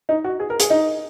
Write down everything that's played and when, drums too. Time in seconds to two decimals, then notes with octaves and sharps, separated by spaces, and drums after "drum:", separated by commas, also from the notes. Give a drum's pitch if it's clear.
0.09 D#4
0.24 F#4
0.40 G#4
0.50 A#4
0.60 G#4, drum: hi-hat
0.70 D#4